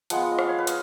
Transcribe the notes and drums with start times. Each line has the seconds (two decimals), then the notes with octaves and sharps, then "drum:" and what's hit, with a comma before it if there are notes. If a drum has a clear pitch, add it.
0.10 F3 G#3 B3 F#5, drum: hi-hat
0.32 D#5
0.39 F5, drum: rim click
0.49 C#5
0.58 B4
0.67 D#5, drum: hi-hat